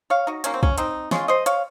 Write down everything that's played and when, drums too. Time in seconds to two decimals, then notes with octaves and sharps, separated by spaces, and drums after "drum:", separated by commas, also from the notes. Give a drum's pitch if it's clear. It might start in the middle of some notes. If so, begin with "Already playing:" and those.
0.10 C#5 F5
0.27 D#4 F#4
0.44 D#3 F#3 A#3 C#4, drum: hi-hat
0.54 C4
0.63 C#4, drum: kick
0.78 C4 D#4, drum: hi-hat
1.11 C#3 G#3 C#4 F4, drum: snare
1.28 C5 D#5
1.46 C#5 F5, drum: hi-hat